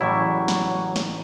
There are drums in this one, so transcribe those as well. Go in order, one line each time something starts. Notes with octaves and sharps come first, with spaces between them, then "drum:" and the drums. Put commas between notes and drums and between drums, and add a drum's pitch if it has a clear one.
A1 C#3 F#3 G3 E4 C#6
drum: snare
drum: snare